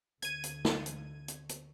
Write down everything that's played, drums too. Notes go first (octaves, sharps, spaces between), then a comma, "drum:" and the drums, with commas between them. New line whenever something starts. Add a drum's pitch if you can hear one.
D2 D3 G#6 D#7, drum: hi-hat
drum: hi-hat
drum: snare
drum: hi-hat
drum: hi-hat
drum: hi-hat